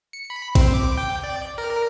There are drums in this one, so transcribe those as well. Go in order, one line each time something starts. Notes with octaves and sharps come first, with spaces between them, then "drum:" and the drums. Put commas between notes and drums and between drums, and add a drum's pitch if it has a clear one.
C#7
B5
C4, drum: kick A#1, cymbal
D6
G5
D5
A#4